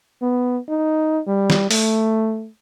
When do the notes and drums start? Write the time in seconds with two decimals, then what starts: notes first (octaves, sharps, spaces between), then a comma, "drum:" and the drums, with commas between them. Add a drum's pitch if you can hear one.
0.22 B3
0.69 D#4
1.27 G3
1.50 drum: snare
1.71 A3, drum: open hi-hat